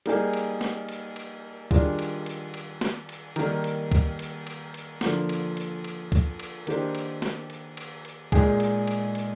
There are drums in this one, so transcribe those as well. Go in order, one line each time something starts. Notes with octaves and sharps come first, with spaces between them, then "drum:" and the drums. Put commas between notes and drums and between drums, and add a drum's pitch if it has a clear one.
G3 A#3 D#4 G#4, drum: cymbal
drum: cymbal
drum: snare
drum: cymbal
drum: cymbal
D#3 G3 D4 F4 G#4, drum: kick, cymbal
drum: cymbal
drum: cymbal
drum: cymbal
drum: snare
drum: cymbal
D#3 G3 A#3, drum: cymbal
drum: cymbal
drum: kick, cymbal
drum: cymbal
drum: cymbal
drum: cymbal
D3 F3 A#3, drum: snare
drum: cymbal
drum: cymbal
drum: cymbal
drum: kick, cymbal
drum: cymbal
D#3 A#3 D4 G4 C5, drum: cymbal
drum: cymbal
drum: snare
drum: cymbal
drum: cymbal
drum: cymbal
A#2 G#3 D#4 G#4, drum: kick, cymbal
drum: cymbal
drum: cymbal
drum: cymbal